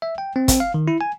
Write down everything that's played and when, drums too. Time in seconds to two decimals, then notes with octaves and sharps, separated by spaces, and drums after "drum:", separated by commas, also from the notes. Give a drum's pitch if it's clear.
0.02 E5
0.18 G5
0.36 C4
0.48 C4, drum: kick, hi-hat
0.60 F5
0.74 D#3
0.88 E4
1.01 G#5